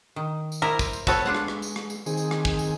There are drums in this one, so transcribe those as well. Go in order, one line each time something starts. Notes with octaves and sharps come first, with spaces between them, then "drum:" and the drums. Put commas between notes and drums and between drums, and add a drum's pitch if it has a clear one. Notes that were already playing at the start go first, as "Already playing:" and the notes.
D#3
drum: tambourine
E4 A#4 C5 D5 D#5
drum: kick, tambourine
drum: tambourine
B3 F#4 A4 C#5, drum: kick, tambourine
G#3 D4 F4 F#5
drum: rim click
drum: rim click
drum: tambourine
drum: rim click
drum: tambourine
D#3 C4 G#4, drum: tambourine
drum: tambourine
drum: rim click
drum: kick
drum: tambourine